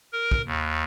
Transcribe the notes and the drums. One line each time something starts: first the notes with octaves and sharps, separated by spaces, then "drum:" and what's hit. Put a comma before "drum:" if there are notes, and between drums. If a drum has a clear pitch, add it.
A#4
drum: kick
D#2